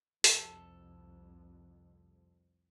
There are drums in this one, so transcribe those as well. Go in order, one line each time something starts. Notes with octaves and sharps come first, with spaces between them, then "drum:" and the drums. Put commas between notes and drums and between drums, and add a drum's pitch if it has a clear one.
C2 F2 A4, drum: open hi-hat